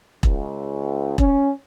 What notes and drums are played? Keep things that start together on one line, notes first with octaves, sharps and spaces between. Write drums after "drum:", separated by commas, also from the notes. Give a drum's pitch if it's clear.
C#2, drum: kick E1
C#4, drum: kick E1